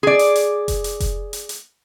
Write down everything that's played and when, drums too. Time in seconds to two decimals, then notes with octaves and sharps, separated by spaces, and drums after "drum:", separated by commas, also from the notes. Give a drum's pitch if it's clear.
0.03 G#4 D5
0.19 drum: hi-hat
0.36 drum: hi-hat
0.68 drum: kick F1, hi-hat
0.84 drum: hi-hat
1.00 drum: kick F1, hi-hat
1.33 drum: hi-hat
1.49 drum: hi-hat